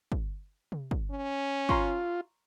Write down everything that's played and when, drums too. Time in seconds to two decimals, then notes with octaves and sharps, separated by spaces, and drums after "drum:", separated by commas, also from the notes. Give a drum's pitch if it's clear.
0.12 drum: kick
0.72 drum: tom C3
0.91 drum: kick
1.11 C#4
1.69 F4 A#5 C6 C#6, drum: kick